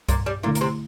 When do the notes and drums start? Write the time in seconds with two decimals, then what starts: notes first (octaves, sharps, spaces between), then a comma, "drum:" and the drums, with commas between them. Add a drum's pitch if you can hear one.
0.09 G2 A#2 A#3, drum: kick C2, hi-hat
0.26 G3
0.43 A#2 D3 A3 A#3 E4
0.55 A#3, drum: hi-hat
0.61 C3 C4